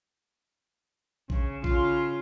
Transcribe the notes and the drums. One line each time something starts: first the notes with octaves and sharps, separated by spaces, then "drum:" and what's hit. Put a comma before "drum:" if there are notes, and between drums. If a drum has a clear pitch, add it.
C#3, drum: kick A#1
C#3 F4, drum: kick A#1